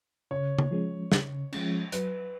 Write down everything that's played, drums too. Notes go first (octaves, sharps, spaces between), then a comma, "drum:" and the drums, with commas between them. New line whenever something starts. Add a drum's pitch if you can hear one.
C#3 C#5
drum: tom C#3
F3 G#3 C#4
C#3, drum: snare
F3 G#3 C#4, drum: cymbal
F#3 B4, drum: hi-hat